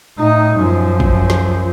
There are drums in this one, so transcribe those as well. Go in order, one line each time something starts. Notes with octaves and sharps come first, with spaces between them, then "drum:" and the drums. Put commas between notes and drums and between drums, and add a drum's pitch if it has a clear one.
A2 D#4
F#2 F3
drum: kick
drum: snare